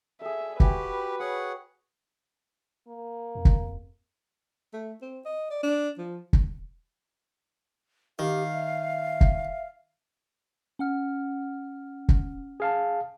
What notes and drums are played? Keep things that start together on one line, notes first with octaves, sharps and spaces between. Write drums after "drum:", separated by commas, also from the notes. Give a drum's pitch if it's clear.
G#4 A4 E5
F#4 G4 B4 G5 G#5, drum: kick
G#4 C#5 F#5
A#3
F2
drum: kick
A3
C4
D#5
D5
D4
F3
drum: kick
D#3 G4 F5
E5
drum: kick
C#4 F#5 F6
drum: kick
G#4 F5 A5